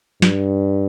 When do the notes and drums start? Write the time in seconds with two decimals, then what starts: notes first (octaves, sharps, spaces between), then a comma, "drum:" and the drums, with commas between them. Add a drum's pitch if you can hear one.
0.22 G2, drum: snare